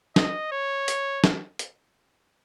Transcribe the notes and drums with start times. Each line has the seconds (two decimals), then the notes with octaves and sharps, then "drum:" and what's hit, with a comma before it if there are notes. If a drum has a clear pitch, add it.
0.16 D#5, drum: snare
0.52 C#5
0.88 drum: hi-hat
1.24 drum: snare
1.59 drum: hi-hat